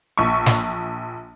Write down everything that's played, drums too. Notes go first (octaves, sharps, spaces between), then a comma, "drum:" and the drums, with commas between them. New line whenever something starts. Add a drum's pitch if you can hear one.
A#1 C#6
drum: snare